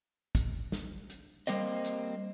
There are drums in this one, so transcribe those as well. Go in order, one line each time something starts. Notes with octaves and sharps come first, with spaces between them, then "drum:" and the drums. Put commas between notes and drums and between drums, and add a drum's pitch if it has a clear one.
drum: kick, hi-hat
drum: snare
drum: hi-hat
G3 A#3 C4 D#5, drum: hi-hat
drum: hi-hat